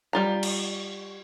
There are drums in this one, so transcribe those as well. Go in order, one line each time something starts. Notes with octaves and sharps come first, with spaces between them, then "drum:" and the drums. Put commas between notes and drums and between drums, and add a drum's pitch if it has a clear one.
G3 F4 A#5
drum: cymbal